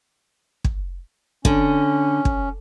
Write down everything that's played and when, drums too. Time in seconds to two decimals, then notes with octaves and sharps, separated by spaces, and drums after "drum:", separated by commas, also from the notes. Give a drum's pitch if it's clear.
0.64 drum: kick
1.45 D3 C#4, drum: kick
2.25 drum: kick